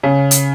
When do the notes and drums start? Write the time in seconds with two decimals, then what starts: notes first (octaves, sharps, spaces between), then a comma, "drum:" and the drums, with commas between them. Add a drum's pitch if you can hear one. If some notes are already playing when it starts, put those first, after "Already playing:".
0.03 C#3
0.31 drum: hi-hat